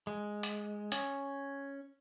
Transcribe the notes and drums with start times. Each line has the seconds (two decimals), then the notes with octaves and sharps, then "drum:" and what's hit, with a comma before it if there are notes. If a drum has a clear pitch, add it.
0.07 G#3
0.43 drum: hi-hat
0.92 C#4, drum: hi-hat